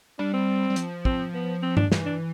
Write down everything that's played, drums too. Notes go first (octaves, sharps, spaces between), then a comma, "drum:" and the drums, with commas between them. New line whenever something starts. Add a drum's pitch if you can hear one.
G3 D4
C4
G3
F3, drum: hi-hat
C4, drum: kick
B3
C4
D4, drum: tom G2
E3, drum: snare
D4